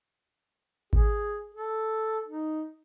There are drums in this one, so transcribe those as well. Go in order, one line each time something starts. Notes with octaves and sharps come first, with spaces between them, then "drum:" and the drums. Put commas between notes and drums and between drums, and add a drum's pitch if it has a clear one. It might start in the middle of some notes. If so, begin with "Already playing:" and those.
G#4, drum: kick G#1
A4
D#4